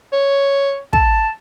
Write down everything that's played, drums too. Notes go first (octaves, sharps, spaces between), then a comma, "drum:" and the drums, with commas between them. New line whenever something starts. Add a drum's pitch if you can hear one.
C#5
A5, drum: kick